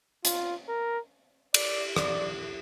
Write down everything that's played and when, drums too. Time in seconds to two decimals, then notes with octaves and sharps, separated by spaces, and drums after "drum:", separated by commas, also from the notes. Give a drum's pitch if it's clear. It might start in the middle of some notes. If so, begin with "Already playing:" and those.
0.25 F4, drum: hi-hat
0.68 A#4
1.54 D5, drum: cymbal
1.96 D5, drum: rim click